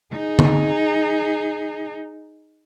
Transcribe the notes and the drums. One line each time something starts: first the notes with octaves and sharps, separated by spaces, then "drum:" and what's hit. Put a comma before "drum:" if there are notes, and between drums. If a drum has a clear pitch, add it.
D#4 G#4
drum: tom D3